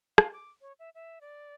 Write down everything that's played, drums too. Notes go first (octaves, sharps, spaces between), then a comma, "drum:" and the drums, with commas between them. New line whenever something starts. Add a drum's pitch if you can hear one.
F5, drum: rim click
D6
C#5
E5
E5
D5